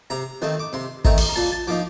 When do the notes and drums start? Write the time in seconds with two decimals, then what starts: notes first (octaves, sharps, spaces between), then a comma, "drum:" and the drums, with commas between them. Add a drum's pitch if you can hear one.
0.10 C3 A#5
0.42 D#3 A3 C4
0.59 D6
0.73 C3 C6
1.05 D#3 A3 C4 A#5, drum: kick
1.18 drum: open hi-hat
1.29 A#5
1.36 A#2 A5
1.52 A5
1.67 F3 A#3 D#4 D6